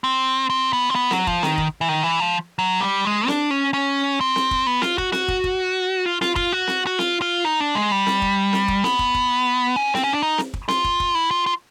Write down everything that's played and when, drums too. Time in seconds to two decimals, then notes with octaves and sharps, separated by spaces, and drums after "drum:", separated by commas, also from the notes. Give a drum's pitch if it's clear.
0.04 C4
0.50 C4
0.73 B3
0.90 C4
0.95 B3
1.11 F#3, drum: snare C4
1.27 F3, drum: kick
1.43 D#3, drum: snare C4
1.58 drum: kick
1.81 E3
1.89 D#3
2.03 E3
2.20 F3
2.59 F#3
2.81 G3
3.05 G#3
3.28 D4, drum: snare C4
3.51 C#4
3.74 C#4
4.21 C4
4.36 drum: snare C4
4.51 drum: kick
4.67 B3
4.82 F4, drum: snare C4
4.98 F#4, drum: kick
5.12 F#4, drum: snare C4
5.28 drum: kick
5.44 drum: kick
6.06 F4
6.21 F4, drum: snare C4
6.36 F4, drum: kick
6.53 F#4
6.67 drum: snare C4
6.87 F#4
6.99 F4, drum: snare C4
7.22 F4
7.45 D#4
7.60 D4
7.75 G#3
7.92 G3
8.06 drum: snare C4
8.22 drum: kick
8.53 drum: snare C4
8.68 drum: kick
8.84 B3, drum: snare C4
8.99 drum: kick
9.15 drum: kick
9.76 C#4
9.95 C4, drum: snare C4
10.04 C#4
10.13 D4
10.22 D#4
10.38 drum: snare C4
10.54 drum: kick
10.68 F4, drum: snare C4
10.84 drum: kick
11.00 drum: kick
11.15 E4
11.31 F4
11.46 F4